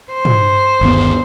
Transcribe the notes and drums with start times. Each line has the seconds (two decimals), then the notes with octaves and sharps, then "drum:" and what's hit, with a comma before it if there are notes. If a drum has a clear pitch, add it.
0.14 C5
0.25 drum: tom
0.81 G1 D#2 B3